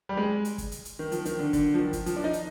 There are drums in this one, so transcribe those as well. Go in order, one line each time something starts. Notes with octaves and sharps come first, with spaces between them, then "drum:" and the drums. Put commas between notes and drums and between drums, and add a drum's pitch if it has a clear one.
G3
G#3
drum: hi-hat
drum: kick, hi-hat
drum: hi-hat
drum: hi-hat
D#3
F3, drum: hi-hat
D#3, drum: hi-hat
D3
D3, drum: kick, hi-hat
F3
D#3
drum: kick, hi-hat
F3, drum: hi-hat
D4
D#4
drum: hi-hat